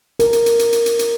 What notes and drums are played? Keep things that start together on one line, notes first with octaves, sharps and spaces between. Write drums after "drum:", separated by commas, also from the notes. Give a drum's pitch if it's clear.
A#4, drum: hi-hat
drum: hi-hat
drum: hi-hat
drum: hi-hat
drum: hi-hat
drum: hi-hat
drum: hi-hat